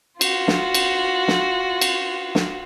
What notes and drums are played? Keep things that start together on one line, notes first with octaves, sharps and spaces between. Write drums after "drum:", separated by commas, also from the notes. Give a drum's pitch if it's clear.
F4 F#4, drum: cymbal
drum: snare
drum: cymbal
drum: snare
drum: cymbal
drum: snare